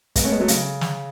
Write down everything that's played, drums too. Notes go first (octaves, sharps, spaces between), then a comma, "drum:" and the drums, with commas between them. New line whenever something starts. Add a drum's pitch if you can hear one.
G#3 B3, drum: kick, hi-hat
A3 C#4
G#3 B3
F#3 A3
C#3, drum: hi-hat
drum: snare